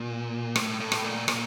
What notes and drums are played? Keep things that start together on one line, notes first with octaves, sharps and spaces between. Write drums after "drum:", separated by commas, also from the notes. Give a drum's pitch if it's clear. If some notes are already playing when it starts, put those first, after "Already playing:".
Already playing: A#2
A2, drum: rim click
A2
drum: rim click
A#2
A#2, drum: rim click